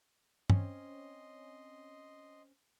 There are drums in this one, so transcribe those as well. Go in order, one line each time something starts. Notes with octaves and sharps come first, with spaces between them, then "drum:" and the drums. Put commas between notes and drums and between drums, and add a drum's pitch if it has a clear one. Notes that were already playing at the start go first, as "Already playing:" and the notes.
C4 C#4 D#5 C6, drum: tom G2